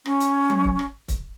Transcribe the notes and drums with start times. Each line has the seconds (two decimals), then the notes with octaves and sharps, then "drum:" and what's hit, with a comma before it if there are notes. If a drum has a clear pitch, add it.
0.06 C#4, drum: rim click
0.20 drum: hi-hat
0.50 drum: tom F#3
0.64 drum: kick C#1
0.79 drum: rim click
1.08 drum: kick C#1, hi-hat